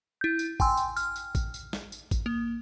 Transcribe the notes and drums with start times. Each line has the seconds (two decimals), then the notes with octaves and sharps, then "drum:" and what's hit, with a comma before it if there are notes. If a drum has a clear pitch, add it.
0.21 E4 G6
0.39 drum: tambourine
0.60 G5 G#5 C6 E6, drum: kick A1
0.77 drum: tambourine
0.96 F6, drum: tambourine
1.16 drum: tambourine
1.35 drum: kick A1, tambourine
1.54 drum: tambourine
1.73 drum: snare
1.92 drum: tambourine
2.11 drum: kick A1, tambourine
2.26 A#3